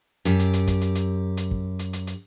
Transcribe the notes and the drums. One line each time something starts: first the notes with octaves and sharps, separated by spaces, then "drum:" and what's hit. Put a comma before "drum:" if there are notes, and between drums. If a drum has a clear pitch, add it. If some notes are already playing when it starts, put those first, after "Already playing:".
F#2 G4, drum: hi-hat
drum: hi-hat
drum: hi-hat
drum: kick, hi-hat
drum: hi-hat
drum: hi-hat
drum: hi-hat
drum: kick
drum: hi-hat
drum: hi-hat
drum: hi-hat